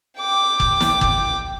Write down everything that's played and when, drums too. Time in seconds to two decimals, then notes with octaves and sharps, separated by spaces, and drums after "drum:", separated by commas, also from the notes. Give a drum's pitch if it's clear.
0.18 G5 D6
0.60 drum: kick
0.81 drum: snare
1.01 drum: kick